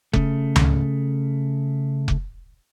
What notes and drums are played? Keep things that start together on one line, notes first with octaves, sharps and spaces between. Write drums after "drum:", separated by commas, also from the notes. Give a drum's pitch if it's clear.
C#3 A3, drum: kick F1
drum: tom C#2
drum: kick F1